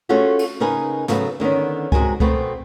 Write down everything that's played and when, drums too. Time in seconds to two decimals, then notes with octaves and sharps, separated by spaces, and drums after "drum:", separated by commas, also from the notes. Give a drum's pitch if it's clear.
0.09 A3 C#4 F4 F#4 G#4 A4
0.39 drum: cymbal
0.60 C#3 D#4 A#4 B4 G#5
1.08 C#3 F#3 A3 B3, drum: snare
1.40 D3 D#3 B3 C#4
1.92 C3 G#3 F#4 A#4 G#5, drum: kick C#2
2.20 B2 A3 B3 C4, drum: kick C#2